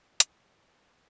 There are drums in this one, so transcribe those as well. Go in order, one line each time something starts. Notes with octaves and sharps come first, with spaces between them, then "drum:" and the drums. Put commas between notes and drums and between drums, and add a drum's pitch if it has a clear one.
C#3 C4, drum: hi-hat